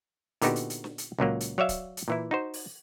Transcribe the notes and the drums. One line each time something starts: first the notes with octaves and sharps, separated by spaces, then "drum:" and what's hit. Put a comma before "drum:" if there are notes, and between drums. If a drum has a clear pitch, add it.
A#2 D3 B3 D#4 F#4 G4, drum: hi-hat
drum: hi-hat
drum: hi-hat
drum: snare
drum: hi-hat
C#2 A#2 F#3 A#3
drum: hi-hat
F#3 C#5 D5 E5 F5
drum: kick C#1, hi-hat
drum: hi-hat
A#2 E3 E4
D#4 F#4 C5
drum: open hi-hat